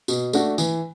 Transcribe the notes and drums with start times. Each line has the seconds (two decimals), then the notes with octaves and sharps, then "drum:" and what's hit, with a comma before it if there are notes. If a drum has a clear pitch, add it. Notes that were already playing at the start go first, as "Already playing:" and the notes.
0.08 B2, drum: tambourine
0.33 A3 D4 F#4, drum: tambourine
0.58 E3, drum: tambourine